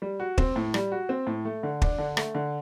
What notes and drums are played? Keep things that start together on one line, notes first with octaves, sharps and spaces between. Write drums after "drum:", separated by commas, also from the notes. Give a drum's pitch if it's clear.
G3
F#4
C4, drum: kick
A2
G3, drum: rim click
F#4
C4
A2
A3
D3
D4, drum: kick
D3
A3, drum: rim click
D3